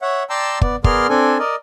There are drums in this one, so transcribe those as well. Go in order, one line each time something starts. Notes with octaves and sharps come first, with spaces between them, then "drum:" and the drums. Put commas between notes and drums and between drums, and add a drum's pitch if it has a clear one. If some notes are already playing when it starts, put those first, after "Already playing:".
C#5 E5 F#5
D5 G5 A5 A#5 C6 E6
B3 D5, drum: kick
B3 G#4 A#4 D5 C6 F6, drum: kick
C4 D4 A4 G#5
A#4 D5 D#5